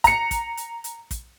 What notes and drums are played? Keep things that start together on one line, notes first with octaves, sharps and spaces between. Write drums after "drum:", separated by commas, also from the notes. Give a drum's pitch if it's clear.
A#5 C#7, drum: kick, hi-hat
drum: kick, hi-hat
drum: hi-hat
drum: hi-hat
drum: kick, hi-hat